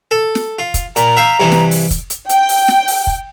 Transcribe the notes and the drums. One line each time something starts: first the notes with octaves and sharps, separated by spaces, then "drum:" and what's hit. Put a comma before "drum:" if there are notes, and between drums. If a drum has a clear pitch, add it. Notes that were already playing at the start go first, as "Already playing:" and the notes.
A4
drum: snare
F4
drum: kick, hi-hat
A#2 A#5, drum: hi-hat
E5 F5 G5
G2 C3 E3
drum: snare
drum: open hi-hat
drum: kick, hi-hat
drum: hi-hat
G5, drum: hi-hat
drum: open hi-hat
drum: snare
drum: open hi-hat
drum: kick